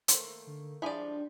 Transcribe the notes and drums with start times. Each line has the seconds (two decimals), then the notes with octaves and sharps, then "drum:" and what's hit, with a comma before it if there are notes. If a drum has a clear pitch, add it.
0.08 D#3 A3 A#3 C5, drum: hi-hat
0.47 D3
0.82 F3 G3 G#3 D4 E4 G#4 D5